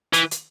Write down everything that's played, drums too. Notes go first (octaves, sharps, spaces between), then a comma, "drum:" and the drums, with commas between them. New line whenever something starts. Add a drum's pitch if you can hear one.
E3, drum: hi-hat
drum: hi-hat